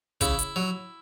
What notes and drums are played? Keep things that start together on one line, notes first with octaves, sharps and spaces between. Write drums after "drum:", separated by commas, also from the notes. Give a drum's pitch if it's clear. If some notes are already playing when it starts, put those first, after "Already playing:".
C#3 E4, drum: kick, hi-hat
drum: hi-hat
F#3